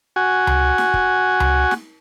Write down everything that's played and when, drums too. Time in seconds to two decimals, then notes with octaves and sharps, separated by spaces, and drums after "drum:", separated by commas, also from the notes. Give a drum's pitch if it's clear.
0.16 F#4 G#5
0.47 drum: tom C#2
0.78 drum: snare
0.94 drum: kick
1.40 drum: tom C#2
1.71 drum: snare